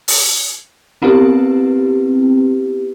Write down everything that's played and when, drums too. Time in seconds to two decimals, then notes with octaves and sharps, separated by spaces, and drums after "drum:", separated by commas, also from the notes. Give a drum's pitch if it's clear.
0.08 drum: open hi-hat
1.02 B3 C4 E4 G4 B4